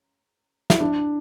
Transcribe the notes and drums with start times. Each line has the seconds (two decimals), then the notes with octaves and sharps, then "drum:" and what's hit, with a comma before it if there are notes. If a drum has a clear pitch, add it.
0.70 E4, drum: snare
0.80 D4